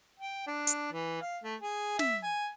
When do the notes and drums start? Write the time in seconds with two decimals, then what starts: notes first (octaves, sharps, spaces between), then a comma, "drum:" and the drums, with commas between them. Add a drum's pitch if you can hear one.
0.19 G5
0.47 D4
0.67 drum: hi-hat
0.92 E3
1.21 F5
1.44 A3
1.62 G#4
1.99 E5, drum: snare
2.23 G#5